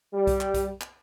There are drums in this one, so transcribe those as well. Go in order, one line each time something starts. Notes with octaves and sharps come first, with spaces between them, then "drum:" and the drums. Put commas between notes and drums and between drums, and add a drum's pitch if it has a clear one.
G3
drum: kick B1, hi-hat
drum: clap
drum: kick B1, hi-hat
drum: clap